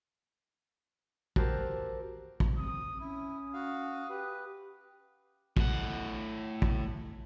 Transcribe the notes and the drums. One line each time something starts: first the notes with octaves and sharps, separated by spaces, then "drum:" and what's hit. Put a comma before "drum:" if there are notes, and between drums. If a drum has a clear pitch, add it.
F#4 G4 A#4 C5 A5 E6, drum: kick
drum: kick
C4 D#6
C#4 E4 D#6
F#4 F5
G4 B4
A2 F#5, drum: kick
drum: kick